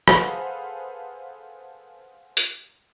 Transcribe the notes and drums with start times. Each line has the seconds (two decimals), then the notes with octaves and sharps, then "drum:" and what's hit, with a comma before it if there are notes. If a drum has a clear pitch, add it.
0.08 G#4 A4 B4 C5 F5 F#5, drum: rim click
2.37 drum: hi-hat